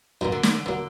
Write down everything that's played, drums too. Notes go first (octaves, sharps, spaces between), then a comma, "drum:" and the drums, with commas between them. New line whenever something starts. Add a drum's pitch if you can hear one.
F#2 A#2 F#3 A#3
D3
D#3, drum: snare
D3
D3 F#3 A#3